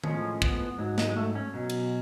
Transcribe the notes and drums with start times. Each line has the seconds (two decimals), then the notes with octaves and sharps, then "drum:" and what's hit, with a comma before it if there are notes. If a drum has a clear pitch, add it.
0.04 A2 F3 G#3 C#4, drum: tom D#3
0.42 B3, drum: kick
0.78 G#2 F#3
0.98 G#3, drum: snare
1.17 A3
1.35 C#4
1.54 B2 F#3
1.70 drum: cymbal